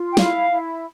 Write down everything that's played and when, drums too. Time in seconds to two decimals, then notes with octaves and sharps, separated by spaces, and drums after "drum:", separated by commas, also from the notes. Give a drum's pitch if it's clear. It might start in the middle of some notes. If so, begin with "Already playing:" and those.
Already playing: F4
0.12 G5
0.17 E4 F5, drum: snare
0.50 E4